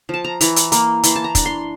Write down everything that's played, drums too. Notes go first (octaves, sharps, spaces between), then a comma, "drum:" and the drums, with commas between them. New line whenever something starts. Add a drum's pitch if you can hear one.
F3 A5
A#5
E3 A#5, drum: hi-hat
drum: hi-hat
A#3, drum: hi-hat
E3 C6, drum: hi-hat
A5
A#5
D4, drum: kick, hi-hat
C6